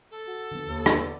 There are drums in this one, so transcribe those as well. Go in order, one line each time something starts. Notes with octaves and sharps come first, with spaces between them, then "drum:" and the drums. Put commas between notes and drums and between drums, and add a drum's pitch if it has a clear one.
A4
F#4
D3 F3 B3
D#2
B3 D5, drum: rim click